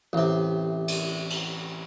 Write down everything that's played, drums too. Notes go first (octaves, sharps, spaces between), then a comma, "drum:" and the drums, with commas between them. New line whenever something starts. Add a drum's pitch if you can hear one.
A1 C3
drum: cymbal
drum: cymbal